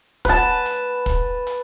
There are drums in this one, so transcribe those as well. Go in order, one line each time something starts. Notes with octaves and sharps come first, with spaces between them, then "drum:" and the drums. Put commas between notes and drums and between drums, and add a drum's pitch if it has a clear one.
B4 A5, drum: kick, hi-hat
drum: hi-hat
drum: kick, hi-hat
drum: hi-hat